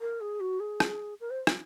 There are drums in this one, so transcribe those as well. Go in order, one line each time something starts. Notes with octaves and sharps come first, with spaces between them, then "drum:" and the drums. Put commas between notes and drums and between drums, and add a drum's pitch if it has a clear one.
A#4
G#4
F#4
G#4
drum: rim click
A#4
C5
drum: rim click